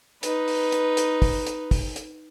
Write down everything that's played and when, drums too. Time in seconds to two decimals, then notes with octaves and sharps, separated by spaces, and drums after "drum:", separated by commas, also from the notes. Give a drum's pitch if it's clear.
0.23 D#4 B4, drum: hi-hat
0.48 drum: open hi-hat
0.72 drum: hi-hat
0.97 drum: hi-hat
1.22 drum: kick, open hi-hat
1.47 drum: hi-hat
1.71 drum: kick, open hi-hat
1.96 drum: hi-hat